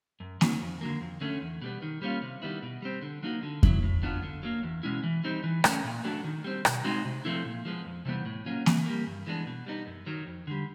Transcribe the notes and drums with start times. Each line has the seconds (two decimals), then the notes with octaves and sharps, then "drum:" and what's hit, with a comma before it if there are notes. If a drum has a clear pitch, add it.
0.20 F#2
0.41 D#3 F#3, drum: snare A#3
0.61 F2
0.81 D3 F#3 A#3
1.01 F2
1.21 D3 F#3 A3 C#4
1.41 E2
1.62 B2 G3 B3
1.82 D#3
2.02 G3 A#3 C#4 F4
2.22 C3
2.42 D#3 G3 B3 E4
2.63 B2
2.82 G3 C4
3.02 D3
3.23 F#3 A#3 D#4 F#4
3.43 D3
3.63 F#3 B3 E4, drum: kick F2
3.83 A2
4.03 F#3 B3 D4 F4
4.23 D3
4.43 F#3 A#3
4.63 E2
4.83 B2 G#3 C#4 E4
5.04 E3
5.24 G3 C4 D#4
5.44 E3
5.64 A3 C#4, drum: rim click
5.84 A#2
6.04 F#3 A3 D4 F#4
6.24 D#3
6.44 G3 C4
6.65 B2, drum: rim click
6.84 G#3 C4 D#4 F#4
7.05 C3
7.25 F3 A3 C4 E4
7.45 A#2
7.65 F3 G#3 B3
7.85 F2
8.05 C3 E3 G3 B3
8.26 A2
8.46 F#3 A#3 C#4 F4
8.66 E3, drum: snare A#3
8.86 G3 A#3
9.07 G2
9.27 E3 G#3 B3 D4
9.47 B2
9.66 G3 B3 D#4
9.87 F#2
10.06 D#3 F#3
10.27 F2
10.47 D3 G3